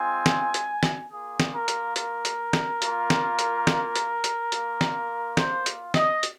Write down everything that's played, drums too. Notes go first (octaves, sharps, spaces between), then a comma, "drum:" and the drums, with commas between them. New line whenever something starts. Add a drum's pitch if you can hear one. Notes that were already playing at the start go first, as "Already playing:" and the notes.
Already playing: G#3 C4 F4 G#5
drum: snare
drum: hi-hat
drum: snare
A#3 F4 G#4
drum: snare
A#4
drum: hi-hat
A#4, drum: hi-hat
drum: hi-hat
drum: snare
A#3 F4, drum: hi-hat
drum: snare
drum: hi-hat
drum: snare
drum: hi-hat
drum: hi-hat
A#3 F4, drum: hi-hat
drum: snare
C5, drum: snare
drum: hi-hat
D#5, drum: snare
drum: hi-hat